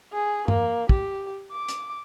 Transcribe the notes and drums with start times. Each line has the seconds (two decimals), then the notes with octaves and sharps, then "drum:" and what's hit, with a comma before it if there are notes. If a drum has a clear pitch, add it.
0.13 G#4
0.48 A#3, drum: tom G2
0.89 G4, drum: kick
1.52 D6
1.68 drum: hi-hat